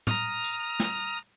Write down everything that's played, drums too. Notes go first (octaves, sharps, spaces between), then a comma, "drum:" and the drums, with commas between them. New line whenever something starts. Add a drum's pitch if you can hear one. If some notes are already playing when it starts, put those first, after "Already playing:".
A#5 D#6 F6, drum: tom
drum: tambourine
drum: snare